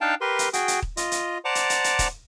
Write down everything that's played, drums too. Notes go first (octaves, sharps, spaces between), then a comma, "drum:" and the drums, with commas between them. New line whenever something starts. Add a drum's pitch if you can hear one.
D4 D#4 F5 G5 A5
G4 A#4 B4 C6
drum: hi-hat
F#4 G#4 G5, drum: hi-hat
drum: hi-hat
drum: kick D#1
F4 D#5, drum: hi-hat
drum: hi-hat
C5 D5 F#5 A5 A#5 D6
drum: hi-hat
drum: hi-hat
drum: hi-hat
drum: kick D#1, hi-hat